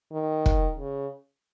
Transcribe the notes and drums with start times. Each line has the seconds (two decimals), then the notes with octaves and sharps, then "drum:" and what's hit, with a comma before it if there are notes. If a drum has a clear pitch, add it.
0.12 D#3
0.46 drum: kick
0.78 C#3